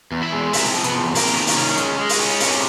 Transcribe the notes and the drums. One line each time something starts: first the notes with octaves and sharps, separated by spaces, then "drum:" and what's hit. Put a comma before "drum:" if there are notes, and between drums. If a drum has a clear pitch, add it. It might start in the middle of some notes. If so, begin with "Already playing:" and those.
E2
E4 E5
G#3
C3 E4 E5, drum: open hi-hat
F3
B3 B4, drum: hi-hat
E2
C3 A#3 A#4, drum: open hi-hat
D#3
drum: open hi-hat
C#4
G#3, drum: hi-hat
G#3
drum: open hi-hat
C#4
C3, drum: open hi-hat